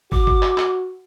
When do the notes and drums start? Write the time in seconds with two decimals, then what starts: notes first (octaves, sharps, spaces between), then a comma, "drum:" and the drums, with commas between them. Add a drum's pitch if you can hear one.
0.12 F#4 D6, drum: kick
0.27 drum: kick
0.43 drum: clap
0.58 drum: clap